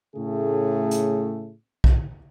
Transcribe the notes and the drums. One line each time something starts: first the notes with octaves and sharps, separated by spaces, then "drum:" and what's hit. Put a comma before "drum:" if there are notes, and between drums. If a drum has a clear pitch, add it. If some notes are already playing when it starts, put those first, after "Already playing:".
A2 C#3 A3 G#4
drum: hi-hat
drum: kick